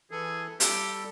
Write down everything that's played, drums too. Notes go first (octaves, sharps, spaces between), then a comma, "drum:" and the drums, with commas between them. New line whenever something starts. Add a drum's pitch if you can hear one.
E3 G#4 A4
G3 G4 A4, drum: hi-hat